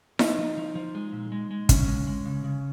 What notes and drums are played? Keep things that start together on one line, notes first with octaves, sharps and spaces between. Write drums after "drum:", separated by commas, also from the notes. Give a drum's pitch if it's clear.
F3 D#4, drum: snare E4
F3
F3
F3
G#3
A#2
G#3
G#3
C#3 C#4, drum: kick, hi-hat
G#3
G#3
C#3
C#3